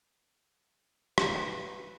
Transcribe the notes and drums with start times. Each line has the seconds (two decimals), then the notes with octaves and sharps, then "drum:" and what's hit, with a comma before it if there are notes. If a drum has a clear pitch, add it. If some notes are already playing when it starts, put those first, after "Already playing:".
1.18 B4, drum: rim click